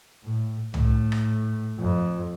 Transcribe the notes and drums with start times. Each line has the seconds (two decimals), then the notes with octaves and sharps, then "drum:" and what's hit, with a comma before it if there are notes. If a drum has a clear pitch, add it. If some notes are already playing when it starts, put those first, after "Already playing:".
0.23 A2
0.74 A2, drum: tom C2
1.12 drum: rim click
1.79 F2